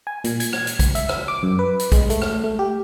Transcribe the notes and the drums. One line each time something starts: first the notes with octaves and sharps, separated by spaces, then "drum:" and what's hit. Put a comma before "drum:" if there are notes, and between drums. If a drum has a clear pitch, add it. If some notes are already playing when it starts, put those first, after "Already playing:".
G#5
A#2, drum: hi-hat
G#6, drum: hi-hat
drum: rim click
drum: hi-hat
C#2, drum: kick, hi-hat
E5, drum: hi-hat
drum: rim click
D6
F#2
B4
drum: hi-hat
G#3, drum: kick, hi-hat
A3, drum: hi-hat
drum: rim click
A3
G4